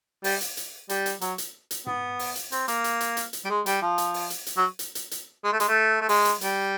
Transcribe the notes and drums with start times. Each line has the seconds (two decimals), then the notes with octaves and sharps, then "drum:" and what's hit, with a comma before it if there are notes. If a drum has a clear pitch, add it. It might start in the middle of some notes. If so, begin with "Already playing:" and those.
0.24 G3, drum: open hi-hat
0.41 drum: hi-hat
0.57 drum: hi-hat
0.89 G3, drum: hi-hat
1.06 drum: hi-hat
1.21 F#3, drum: hi-hat
1.38 drum: hi-hat
1.71 drum: hi-hat
1.86 B3, drum: tom G#2
2.19 drum: open hi-hat
2.36 drum: hi-hat
2.52 C4, drum: hi-hat
2.68 A#3, drum: hi-hat
2.84 drum: hi-hat
3.00 drum: hi-hat
3.17 drum: hi-hat
3.33 drum: hi-hat
3.45 G3
3.50 G#3
3.66 G3, drum: hi-hat
3.81 F3
3.98 drum: hi-hat
4.14 drum: open hi-hat
4.30 drum: hi-hat
4.47 drum: hi-hat
4.57 F#3
4.79 drum: hi-hat
4.95 drum: hi-hat
5.11 drum: hi-hat
5.44 G#3
5.53 A3
5.60 G#3, drum: hi-hat
5.68 A3
6.01 A3
6.09 G#3, drum: open hi-hat
6.25 drum: hi-hat
6.41 G3, drum: hi-hat